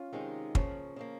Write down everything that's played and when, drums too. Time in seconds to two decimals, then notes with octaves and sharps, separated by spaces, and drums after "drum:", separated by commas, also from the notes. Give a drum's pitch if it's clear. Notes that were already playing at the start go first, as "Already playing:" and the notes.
Already playing: C#4 F4
0.13 C3 D#3 G#3 D#4 G#4
0.55 C#3 F3 A#3 C#4, drum: kick
0.96 C#3 F3 A#3